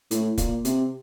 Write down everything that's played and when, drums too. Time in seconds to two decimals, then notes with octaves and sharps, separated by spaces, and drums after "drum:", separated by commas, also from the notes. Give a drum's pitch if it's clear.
0.11 A2, drum: hi-hat
0.38 A#2, drum: kick, hi-hat
0.65 C3, drum: hi-hat